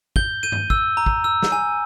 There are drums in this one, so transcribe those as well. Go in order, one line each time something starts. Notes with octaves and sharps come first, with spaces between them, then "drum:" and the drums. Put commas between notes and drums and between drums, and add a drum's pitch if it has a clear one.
G6 G7, drum: kick
G6 D#7
drum: tom G2
E6, drum: kick
A#5
drum: kick
E6
drum: snare
G#5